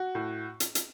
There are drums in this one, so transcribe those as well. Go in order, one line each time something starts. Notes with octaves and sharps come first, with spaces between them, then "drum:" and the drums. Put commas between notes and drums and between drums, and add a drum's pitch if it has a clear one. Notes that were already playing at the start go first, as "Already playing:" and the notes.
Already playing: F#4
A2
drum: hi-hat
drum: hi-hat